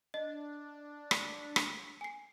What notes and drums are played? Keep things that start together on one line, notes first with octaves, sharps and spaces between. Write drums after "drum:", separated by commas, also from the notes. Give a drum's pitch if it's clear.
D4 D#5
drum: rim click
drum: rim click
G#5 C7